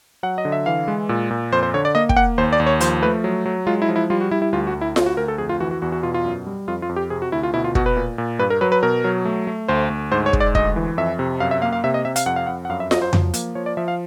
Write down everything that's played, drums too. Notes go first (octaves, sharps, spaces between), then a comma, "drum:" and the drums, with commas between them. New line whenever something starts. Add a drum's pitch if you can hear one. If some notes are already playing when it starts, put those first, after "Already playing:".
F#3 F#5
D#5
D3
E5
E3 F5
G#3
A#2
A#2
F2 C5
C5
D3 C#5
D5
A#3 D#5
G5, drum: kick
A#3 F#5
D#2 C5
D5
D#2
C#5
F3 C5, drum: hi-hat
A3 B4
F#3
F#3
G#3 F4
E4
F3
E4
G3 F4
F#4
G3 E4
E4
D2 F4
F#4
D2
E4
D2 F4, drum: snare F4
F#4
D2 A#4
A4
F2 G#4
F4
E3 F#4
F#4
E2 F#4
F#4
B2 F4
F4
F#2
G3
F2 F4
F4
F2
G4
C3 G#4
F#4
D2 E4
F4
B2 E4
F4
B2 F#4, drum: kick
B4
A#2
A#2
G2 B4
A#4
F#3 B4
B4
B2 A#4
F#3
A3
A3
D2 C5
D2
G#2 C5
C#5
G#3, drum: kick
D5
D2 D#5, drum: kick
E3
F2 E5
C3
F#2 F5
E5
A#3 F5
F5
C3 E5
D#5
C3 E5
F5, drum: hi-hat
F2 F#5
F5
F2 F#5
F#5
F#2 F5
E5
F#3 D#5, drum: snare F4
C5
F3, drum: tom F2
A#3, drum: hi-hat
F3 C#5
D5
F3 E5
F5